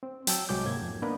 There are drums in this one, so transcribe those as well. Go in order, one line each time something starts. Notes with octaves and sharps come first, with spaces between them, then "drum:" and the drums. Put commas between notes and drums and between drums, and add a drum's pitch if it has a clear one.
C4
F#3 G5 A5 E6, drum: hi-hat
C2 F#3 G#3 G#4 D6 G6
G#2 C3 A#3 G#6
F2
A#3 B3 D4 D#4 A#4 B4